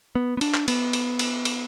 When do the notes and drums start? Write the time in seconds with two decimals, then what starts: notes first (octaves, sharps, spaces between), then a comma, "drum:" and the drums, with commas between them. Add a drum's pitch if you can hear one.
0.15 B3
0.37 B3
0.41 D4, drum: cymbal
0.54 drum: clap
0.68 B3, drum: cymbal
0.93 drum: cymbal
1.19 drum: cymbal
1.45 drum: cymbal